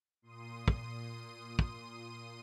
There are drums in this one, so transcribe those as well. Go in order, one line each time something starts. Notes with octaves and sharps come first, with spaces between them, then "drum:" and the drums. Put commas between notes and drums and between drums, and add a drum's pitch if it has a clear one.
A#2 C6 D#6 D#7
drum: kick
drum: kick